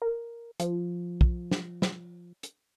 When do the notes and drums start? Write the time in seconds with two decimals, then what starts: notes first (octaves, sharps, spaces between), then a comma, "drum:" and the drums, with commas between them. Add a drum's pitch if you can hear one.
0.02 A#4
0.60 F3, drum: hi-hat
1.21 drum: kick
1.51 drum: snare
1.82 drum: snare
2.43 drum: hi-hat